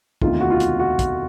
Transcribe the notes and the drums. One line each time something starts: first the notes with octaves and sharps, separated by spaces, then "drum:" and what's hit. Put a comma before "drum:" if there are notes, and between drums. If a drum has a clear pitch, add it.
E1 D2 C3 D#3 F4, drum: kick
F#4
F4
drum: hi-hat
F#4
drum: kick, hi-hat